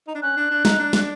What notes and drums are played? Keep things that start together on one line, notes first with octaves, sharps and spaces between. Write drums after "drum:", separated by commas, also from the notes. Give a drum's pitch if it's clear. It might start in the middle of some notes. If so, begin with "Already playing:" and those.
D#4
D4
C#4 F#6
D4
D4
D#4, drum: snare
D4
drum: snare